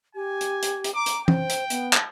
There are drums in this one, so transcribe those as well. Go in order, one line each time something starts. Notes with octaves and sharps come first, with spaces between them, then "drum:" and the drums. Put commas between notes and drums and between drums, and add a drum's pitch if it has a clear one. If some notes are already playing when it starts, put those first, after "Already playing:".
G4 G#5
drum: hi-hat
drum: hi-hat
drum: hi-hat
A#5 D6
drum: hi-hat
C5 G5, drum: tom E3
drum: hi-hat
B3, drum: hi-hat
drum: clap